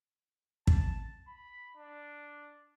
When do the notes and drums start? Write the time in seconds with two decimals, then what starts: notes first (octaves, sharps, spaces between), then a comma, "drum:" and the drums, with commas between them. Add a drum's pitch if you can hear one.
0.67 A5, drum: kick
1.28 B5
1.77 D4